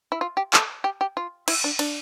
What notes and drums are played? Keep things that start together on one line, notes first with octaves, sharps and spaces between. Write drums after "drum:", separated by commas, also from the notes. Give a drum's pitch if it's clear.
E4
F4
G4
A4, drum: clap
G4
G4
F4
E4, drum: cymbal
D4
D4, drum: cymbal